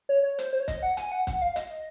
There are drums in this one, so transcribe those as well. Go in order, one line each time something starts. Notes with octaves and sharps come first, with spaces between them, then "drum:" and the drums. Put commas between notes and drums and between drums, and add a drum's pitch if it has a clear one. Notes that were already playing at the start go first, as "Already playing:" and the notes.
C#5
C#5
C5, drum: hi-hat
C5
C#5
D#5, drum: kick, hi-hat
F#5
G#5, drum: hi-hat
F#5
F#5, drum: kick, hi-hat
F5
D#5, drum: hi-hat